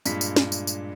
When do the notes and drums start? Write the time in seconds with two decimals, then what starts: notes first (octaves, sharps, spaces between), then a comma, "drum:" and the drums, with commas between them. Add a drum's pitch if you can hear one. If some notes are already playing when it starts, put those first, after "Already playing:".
0.06 G2 A#2 G#3 B6, drum: tambourine
0.21 drum: tambourine
0.36 drum: snare
0.52 drum: tambourine
0.67 drum: tambourine